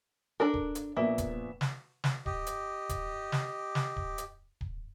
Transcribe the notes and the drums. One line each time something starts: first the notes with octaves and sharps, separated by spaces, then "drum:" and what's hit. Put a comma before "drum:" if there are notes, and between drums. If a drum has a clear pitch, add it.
D4 A4 A#4
drum: kick D1
drum: hi-hat
A#1 A#3 B3 E5
drum: kick D1, hi-hat
drum: snare
drum: snare
G4 D#5, drum: kick D1
drum: hi-hat
drum: kick D1, hi-hat
drum: snare
drum: snare
drum: kick D1
drum: hi-hat
drum: kick D1